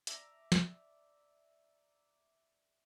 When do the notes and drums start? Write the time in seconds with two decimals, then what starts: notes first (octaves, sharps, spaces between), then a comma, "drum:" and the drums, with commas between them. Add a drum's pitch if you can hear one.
0.07 D5 E5 A#5, drum: hi-hat
0.52 drum: snare